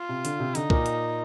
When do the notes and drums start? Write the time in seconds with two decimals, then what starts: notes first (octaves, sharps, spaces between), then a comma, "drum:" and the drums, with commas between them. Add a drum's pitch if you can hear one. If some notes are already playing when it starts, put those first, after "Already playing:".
Already playing: F4
0.09 C3
0.25 D3, drum: hi-hat
0.40 C3
0.55 D3 D#4, drum: hi-hat
0.70 A#2 A#3, drum: kick C2
0.86 drum: hi-hat